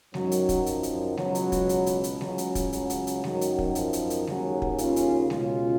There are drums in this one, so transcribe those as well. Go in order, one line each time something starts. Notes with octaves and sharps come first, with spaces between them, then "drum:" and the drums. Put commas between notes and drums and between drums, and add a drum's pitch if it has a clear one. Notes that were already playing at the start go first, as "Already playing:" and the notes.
F#2 D#3 F#3, drum: snare G#3
drum: hi-hat
drum: kick, hi-hat
F3, drum: hi-hat
drum: hi-hat
C#2 B2 F#3, drum: snare G#3
drum: hi-hat
drum: kick, hi-hat
drum: hi-hat
drum: hi-hat
drum: hi-hat
C#2 C#3 F#3, drum: snare G#3
drum: hi-hat
drum: kick, hi-hat
F#3, drum: hi-hat
drum: hi-hat
drum: hi-hat
F#2 D#3 F#3, drum: snare G#3
drum: hi-hat
drum: kick
F3, drum: hi-hat
drum: hi-hat
drum: hi-hat
D#2 C#3 F#3, drum: snare G#3
drum: kick
C#4 F4, drum: hi-hat
drum: hi-hat
C#2 B2 C#4 F4, drum: snare G#3